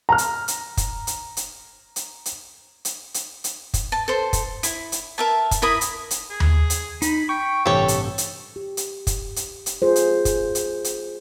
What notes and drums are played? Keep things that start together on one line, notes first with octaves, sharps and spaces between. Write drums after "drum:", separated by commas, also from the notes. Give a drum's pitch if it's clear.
A#5 F6
drum: hi-hat
drum: hi-hat
drum: kick, hi-hat
drum: hi-hat
drum: hi-hat
drum: hi-hat
drum: hi-hat
drum: hi-hat
drum: hi-hat
drum: hi-hat
drum: kick, hi-hat
A5
A4 C5
drum: kick, hi-hat
E4, drum: hi-hat
drum: hi-hat
A#4 E5 A5
drum: kick, hi-hat
E4 A#4 B5 D#6
drum: hi-hat
drum: hi-hat
G#4
drum: tom D#2
drum: hi-hat
D#4 B5, drum: hi-hat
G5 C#6
A1 G2 C3 G4 A4 C#5
drum: hi-hat
drum: hi-hat
G4
drum: hi-hat
drum: kick, hi-hat
drum: hi-hat
drum: hi-hat
F4 G#4 C5
drum: hi-hat
drum: kick, hi-hat
drum: hi-hat
drum: hi-hat